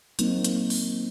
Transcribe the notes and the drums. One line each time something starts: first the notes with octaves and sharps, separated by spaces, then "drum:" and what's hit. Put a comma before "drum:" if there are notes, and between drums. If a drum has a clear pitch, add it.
F#3 A#3 C4 D#4, drum: hi-hat
drum: hi-hat
drum: open hi-hat